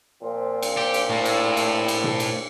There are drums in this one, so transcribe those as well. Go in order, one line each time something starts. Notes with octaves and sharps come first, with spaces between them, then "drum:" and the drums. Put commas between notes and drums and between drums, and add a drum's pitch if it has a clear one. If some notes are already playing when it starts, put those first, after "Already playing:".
A#2 F3 C4
drum: cymbal
G4
drum: cymbal
A2
drum: cymbal
drum: cymbal
drum: cymbal
drum: tom B2
drum: cymbal